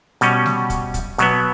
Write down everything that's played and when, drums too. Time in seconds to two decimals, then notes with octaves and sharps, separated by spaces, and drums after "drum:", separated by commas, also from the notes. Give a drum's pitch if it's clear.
0.21 B2 G3 C#4, drum: hi-hat
0.46 drum: snare G3
0.70 drum: kick, hi-hat
0.94 drum: kick, hi-hat
1.18 B2 F#3 B3, drum: hi-hat